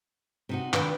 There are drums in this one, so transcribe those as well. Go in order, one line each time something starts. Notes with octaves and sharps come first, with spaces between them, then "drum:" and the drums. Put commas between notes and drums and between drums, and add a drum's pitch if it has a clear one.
C3 D#4 F#4
D#3 D4 B4 G5, drum: clap